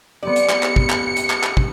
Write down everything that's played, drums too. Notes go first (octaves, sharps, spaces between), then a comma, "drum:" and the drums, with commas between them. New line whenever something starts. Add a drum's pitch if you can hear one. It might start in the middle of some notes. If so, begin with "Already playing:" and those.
B3 C4 G4 D5 C#7
drum: hi-hat
drum: clap
drum: clap
drum: kick
drum: clap
drum: hi-hat
drum: clap
drum: clap
drum: kick